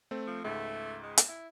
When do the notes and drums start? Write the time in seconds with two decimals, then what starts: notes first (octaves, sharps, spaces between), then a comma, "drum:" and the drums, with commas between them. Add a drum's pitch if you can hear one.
0.11 A3 C4
0.27 F3
0.44 C#2 G#2 A3
1.03 G#3
1.18 drum: hi-hat
1.29 E4